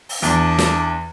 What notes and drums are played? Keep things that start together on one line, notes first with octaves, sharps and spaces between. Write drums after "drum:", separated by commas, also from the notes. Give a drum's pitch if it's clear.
drum: open hi-hat
E2 D4, drum: hi-hat
drum: snare